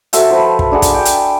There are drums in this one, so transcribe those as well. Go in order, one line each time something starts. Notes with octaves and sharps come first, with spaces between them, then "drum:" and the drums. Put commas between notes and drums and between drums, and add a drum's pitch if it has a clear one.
F#4 A4 C5 E5, drum: hi-hat
F3 B4
drum: kick
D4 G#4 F#5
drum: kick, hi-hat
G5
drum: hi-hat